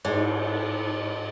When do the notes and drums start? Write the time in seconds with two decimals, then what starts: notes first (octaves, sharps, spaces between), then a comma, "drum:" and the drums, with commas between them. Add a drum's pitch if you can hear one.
0.05 G#2, drum: cymbal